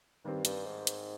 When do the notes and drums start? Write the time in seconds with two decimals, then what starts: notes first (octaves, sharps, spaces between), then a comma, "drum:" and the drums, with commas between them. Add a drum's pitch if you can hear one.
0.25 G2 D#3 G3 C4
0.45 G2, drum: hi-hat
0.66 G#2
0.87 drum: hi-hat